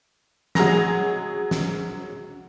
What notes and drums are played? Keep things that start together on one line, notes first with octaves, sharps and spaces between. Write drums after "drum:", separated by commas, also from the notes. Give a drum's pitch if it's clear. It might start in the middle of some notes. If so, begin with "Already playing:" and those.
F#3 G#3 G#4 A#5 A#6, drum: snare
drum: snare